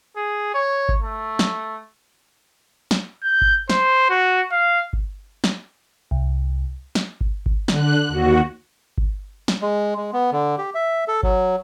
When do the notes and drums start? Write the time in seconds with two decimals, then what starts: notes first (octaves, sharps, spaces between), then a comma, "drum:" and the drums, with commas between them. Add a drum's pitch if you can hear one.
0.16 G#4
0.54 C#5
0.89 drum: kick G1
1.02 A3
1.39 drum: snare
2.91 drum: snare
3.24 G6
3.41 drum: kick G1
3.70 C5, drum: snare
4.10 F#4
4.52 F5
4.93 drum: kick G1
5.44 drum: snare
6.11 C2
6.95 drum: snare
7.21 drum: kick G1
7.46 drum: kick G1
7.68 D3 F#6, drum: snare
8.09 D#2 F#4
8.98 drum: kick G1
9.48 drum: snare
9.62 G#3
9.97 G#3
10.13 B3
10.32 D3
10.58 G4
10.75 E5
11.08 A4
11.23 F#3, drum: kick G1